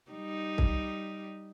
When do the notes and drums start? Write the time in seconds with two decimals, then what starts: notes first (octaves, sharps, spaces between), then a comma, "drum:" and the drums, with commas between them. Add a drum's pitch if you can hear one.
0.11 G3 D#4
0.58 drum: kick C2